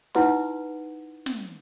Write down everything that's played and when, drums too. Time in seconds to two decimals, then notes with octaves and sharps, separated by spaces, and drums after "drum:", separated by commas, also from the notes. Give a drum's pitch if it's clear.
0.15 D#4 E4 B4 F#5 C6, drum: open hi-hat
1.26 drum: snare